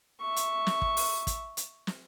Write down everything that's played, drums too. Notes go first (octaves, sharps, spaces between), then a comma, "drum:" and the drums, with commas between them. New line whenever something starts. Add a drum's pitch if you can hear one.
E5 C#6
drum: hi-hat
drum: snare
drum: kick
drum: open hi-hat
drum: kick, hi-hat
drum: hi-hat
drum: snare